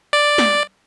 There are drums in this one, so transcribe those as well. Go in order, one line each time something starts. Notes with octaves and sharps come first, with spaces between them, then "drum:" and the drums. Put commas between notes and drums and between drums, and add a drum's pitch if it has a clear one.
D5
drum: snare